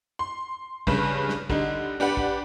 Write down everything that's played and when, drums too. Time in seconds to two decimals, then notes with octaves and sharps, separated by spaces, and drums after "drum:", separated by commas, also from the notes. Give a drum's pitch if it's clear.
0.19 C6
0.87 G2 C#3 B4, drum: kick
1.29 drum: snare
1.50 D3 G3 D#4, drum: kick
2.00 D4 G4 B4 F#5
2.17 drum: kick